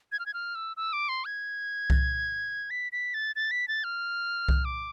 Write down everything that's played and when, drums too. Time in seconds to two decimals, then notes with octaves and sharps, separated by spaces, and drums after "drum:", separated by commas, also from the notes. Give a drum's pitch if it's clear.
0.12 G#6
0.19 F6
0.26 G#6
0.34 F6
0.55 E6
0.77 E6
0.93 D6
1.09 C6
1.25 G#6
1.90 drum: kick C2
2.71 B6
2.92 B6
3.14 A6
3.36 A6
3.51 B6
3.68 A6
3.84 F6
4.49 drum: kick C2
4.65 D6